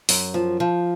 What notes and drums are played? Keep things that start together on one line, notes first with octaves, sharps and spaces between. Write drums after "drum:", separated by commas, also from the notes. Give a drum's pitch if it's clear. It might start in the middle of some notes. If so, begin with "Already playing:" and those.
F#2, drum: open hi-hat
F3
F3